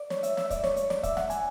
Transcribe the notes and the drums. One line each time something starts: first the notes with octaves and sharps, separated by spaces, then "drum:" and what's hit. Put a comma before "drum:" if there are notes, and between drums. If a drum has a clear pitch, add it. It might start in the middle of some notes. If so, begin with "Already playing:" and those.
Already playing: D5
C#5, drum: snare
E5, drum: hi-hat
E5, drum: snare
D5, drum: kick, hi-hat
C#5, drum: snare
C#5, drum: hi-hat
D5, drum: snare
E5, drum: kick, hi-hat
F#5, drum: snare
G#5, drum: hi-hat